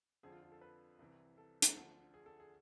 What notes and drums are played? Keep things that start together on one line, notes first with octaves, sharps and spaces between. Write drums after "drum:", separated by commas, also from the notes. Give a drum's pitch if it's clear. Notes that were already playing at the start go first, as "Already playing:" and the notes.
F2 D3 F3 G#4
F4
F4
A4
B4
C2 C3 E3
A4
drum: hi-hat
D2 D3 F3
G#4
A4
G#4